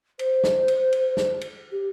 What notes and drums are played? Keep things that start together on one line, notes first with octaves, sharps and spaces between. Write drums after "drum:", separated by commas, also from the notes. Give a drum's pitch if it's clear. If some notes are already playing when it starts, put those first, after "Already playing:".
C5, drum: cymbal
drum: snare
drum: cymbal
drum: cymbal
drum: snare
drum: cymbal
G4